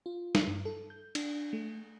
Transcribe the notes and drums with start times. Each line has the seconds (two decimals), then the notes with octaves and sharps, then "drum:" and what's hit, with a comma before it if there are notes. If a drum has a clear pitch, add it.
0.06 F4
0.35 drum: snare
0.47 G2
0.65 A4
0.90 G6
1.15 D4, drum: cymbal
1.53 A3